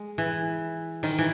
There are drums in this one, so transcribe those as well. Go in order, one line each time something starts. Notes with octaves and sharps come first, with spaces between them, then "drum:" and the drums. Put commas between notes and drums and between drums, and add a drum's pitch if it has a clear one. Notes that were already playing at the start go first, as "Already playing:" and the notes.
Already playing: G#3
E3
D#3, drum: open hi-hat
E3